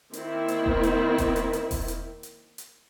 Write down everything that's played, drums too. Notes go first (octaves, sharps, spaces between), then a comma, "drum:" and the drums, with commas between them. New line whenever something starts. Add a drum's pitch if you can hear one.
D#3 A#3 C4 E4, drum: hi-hat
drum: hi-hat
drum: kick E1
drum: hi-hat
drum: kick E1, hi-hat
drum: hi-hat
drum: hi-hat
drum: kick E1, open hi-hat
drum: hi-hat
drum: hi-hat
drum: hi-hat